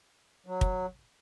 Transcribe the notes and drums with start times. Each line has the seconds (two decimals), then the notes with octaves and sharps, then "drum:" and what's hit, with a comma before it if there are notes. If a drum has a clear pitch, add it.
0.46 F#3
0.61 drum: kick